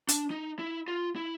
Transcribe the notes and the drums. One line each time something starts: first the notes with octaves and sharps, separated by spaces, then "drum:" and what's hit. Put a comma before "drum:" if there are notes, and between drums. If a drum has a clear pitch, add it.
D4, drum: hi-hat
D#4
E4
F4
E4